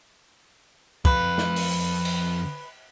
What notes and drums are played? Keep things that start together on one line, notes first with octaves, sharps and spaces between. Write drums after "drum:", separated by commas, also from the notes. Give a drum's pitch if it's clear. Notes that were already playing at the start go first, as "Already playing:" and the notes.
F2 B4 F5, drum: kick
drum: snare
drum: open hi-hat
drum: cymbal